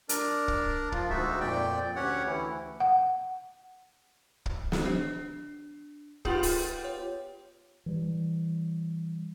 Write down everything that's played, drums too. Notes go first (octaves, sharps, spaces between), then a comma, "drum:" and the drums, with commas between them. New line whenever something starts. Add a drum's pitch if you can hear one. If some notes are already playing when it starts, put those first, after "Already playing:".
D4 A#4 D5, drum: hi-hat
drum: kick
F3 F4, drum: kick
D2 G#3 D#4 F#4 E5
F2 A#2 D5 G5
D2 C#4 G4 C#5 F#5
D2 E3 E4
F#5
drum: kick
drum: snare
D4
B3 F4 G4 G#4 G6 F#7, drum: kick
drum: open hi-hat
C#5
E3 G3